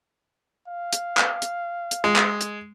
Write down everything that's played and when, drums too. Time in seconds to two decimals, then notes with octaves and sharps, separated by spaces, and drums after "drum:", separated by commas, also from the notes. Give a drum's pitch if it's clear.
0.68 F5
0.93 drum: hi-hat
1.17 drum: clap
1.42 drum: hi-hat
1.91 drum: hi-hat
2.04 G#3
2.16 drum: clap
2.41 drum: hi-hat